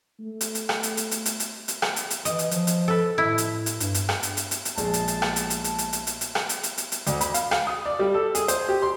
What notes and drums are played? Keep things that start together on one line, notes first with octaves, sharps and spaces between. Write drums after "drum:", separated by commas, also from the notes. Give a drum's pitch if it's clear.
A3
drum: hi-hat
drum: hi-hat
drum: rim click
drum: hi-hat
drum: hi-hat
drum: hi-hat
drum: hi-hat
drum: hi-hat
drum: hi-hat
drum: rim click
drum: hi-hat
drum: hi-hat
E3 D#5, drum: hi-hat
drum: hi-hat
F3, drum: hi-hat
drum: hi-hat
A4 B4
A2 E4
drum: hi-hat
drum: hi-hat
G2, drum: hi-hat
drum: hi-hat
drum: rim click
drum: hi-hat
drum: hi-hat
drum: hi-hat
drum: hi-hat
A#1 G#3 G#4 A5, drum: hi-hat
drum: hi-hat
drum: hi-hat
drum: rim click
drum: hi-hat
drum: hi-hat
drum: hi-hat
drum: hi-hat
drum: hi-hat
drum: hi-hat
drum: hi-hat
drum: rim click
drum: hi-hat
drum: hi-hat
drum: hi-hat
drum: hi-hat
D2, drum: hi-hat
B5, drum: hi-hat
F5, drum: hi-hat
F5, drum: rim click
D#6
D5
G3
A4
G#4, drum: hi-hat
C5, drum: hi-hat
G4
C6